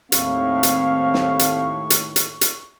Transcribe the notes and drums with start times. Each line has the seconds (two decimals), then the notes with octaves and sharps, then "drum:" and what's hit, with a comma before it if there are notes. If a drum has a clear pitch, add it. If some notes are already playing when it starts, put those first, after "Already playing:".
0.12 D#2 A2 C4 F5 C#6, drum: hi-hat
0.63 drum: hi-hat
1.14 drum: snare
1.39 drum: hi-hat
1.90 drum: hi-hat
2.16 drum: hi-hat
2.41 drum: hi-hat